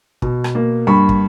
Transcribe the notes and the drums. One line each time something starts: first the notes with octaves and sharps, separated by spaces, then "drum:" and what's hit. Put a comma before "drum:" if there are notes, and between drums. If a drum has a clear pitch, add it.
B2, drum: kick
drum: rim click
A#3
G2 B5 C#6
drum: kick